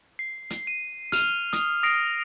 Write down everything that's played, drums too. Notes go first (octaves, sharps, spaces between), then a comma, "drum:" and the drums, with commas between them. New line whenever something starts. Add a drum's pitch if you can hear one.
C7
drum: hi-hat
D#7
F6 F7, drum: open hi-hat
D#6, drum: hi-hat
D#6 A#6 C7 D7